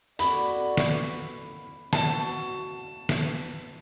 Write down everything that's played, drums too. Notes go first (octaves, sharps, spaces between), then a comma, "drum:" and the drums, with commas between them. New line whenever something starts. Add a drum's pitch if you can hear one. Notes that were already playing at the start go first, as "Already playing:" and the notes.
F#4 A4 D5 B5, drum: open hi-hat
drum: snare
F#4 A5, drum: snare
drum: snare